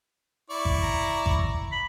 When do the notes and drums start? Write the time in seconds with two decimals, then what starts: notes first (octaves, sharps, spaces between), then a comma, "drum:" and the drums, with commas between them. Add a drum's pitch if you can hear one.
0.50 E4 D5 C#6
0.65 drum: kick G#1
0.82 A#5
1.26 drum: kick G#1
1.72 B5